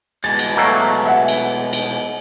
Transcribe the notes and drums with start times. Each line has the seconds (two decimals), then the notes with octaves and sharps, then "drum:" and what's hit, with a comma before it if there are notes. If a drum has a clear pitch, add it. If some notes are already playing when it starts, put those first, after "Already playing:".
0.24 B2 G#3 A6
0.39 drum: cymbal
0.57 F#3 A3 A#3
1.06 E5 F#5
1.28 drum: cymbal
1.73 drum: cymbal